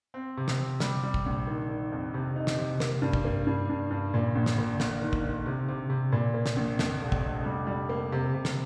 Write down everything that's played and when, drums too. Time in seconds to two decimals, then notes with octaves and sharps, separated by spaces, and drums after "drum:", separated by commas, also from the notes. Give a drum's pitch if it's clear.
0.14 C4
0.37 C3
0.48 drum: snare
0.59 C4
0.80 G3, drum: snare
1.03 G3
1.14 drum: kick
1.26 A#1
1.47 D#3
1.69 D#3
1.92 F2
2.14 C3
2.36 D#4
2.47 drum: snare
2.58 C3
2.80 A#3, drum: snare
3.02 G2
3.13 drum: kick
3.25 A#3
3.47 G2
3.69 G2
3.91 G2
4.14 A#2
4.35 A#1
4.46 drum: snare
4.58 A#2
4.80 G1, drum: snare
5.02 D#3
5.13 drum: kick
5.24 D#3
5.46 C3
5.68 C3
5.90 C3
6.12 A#2
6.34 A#3
6.46 drum: snare
6.56 A#1
6.79 F2, drum: snare
7.01 F1
7.12 drum: kick
7.23 F1
7.45 G3
7.67 G3
7.89 A#3
8.12 C3
8.34 C3
8.45 drum: snare